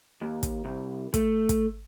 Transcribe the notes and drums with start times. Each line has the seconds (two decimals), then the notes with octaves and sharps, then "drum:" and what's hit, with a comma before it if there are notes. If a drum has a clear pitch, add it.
0.21 D#2
0.43 drum: kick, hi-hat
0.65 C2
1.14 A3, drum: kick, hi-hat
1.49 drum: kick, hi-hat